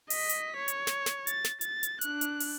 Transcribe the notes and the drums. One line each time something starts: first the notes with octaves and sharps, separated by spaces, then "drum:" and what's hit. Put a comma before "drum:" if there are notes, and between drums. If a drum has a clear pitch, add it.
D#5 B6, drum: open hi-hat
drum: hi-hat
C#5
drum: hi-hat
drum: snare
drum: snare
A6, drum: hi-hat
drum: snare
A6, drum: hi-hat
drum: hi-hat
D4 F#6, drum: hi-hat
drum: hi-hat
drum: open hi-hat